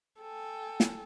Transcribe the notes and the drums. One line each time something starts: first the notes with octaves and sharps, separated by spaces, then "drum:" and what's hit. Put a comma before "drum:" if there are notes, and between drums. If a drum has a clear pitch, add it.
A4 G5 G#5
drum: snare